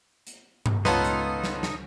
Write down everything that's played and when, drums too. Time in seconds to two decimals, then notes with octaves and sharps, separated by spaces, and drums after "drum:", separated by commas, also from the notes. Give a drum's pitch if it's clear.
0.27 drum: hi-hat
0.66 drum: tom G2
0.85 C#2 B3 D#4 F4 A4 B4 C#5 A5, drum: snare
1.05 drum: hi-hat
1.44 drum: snare
1.63 drum: snare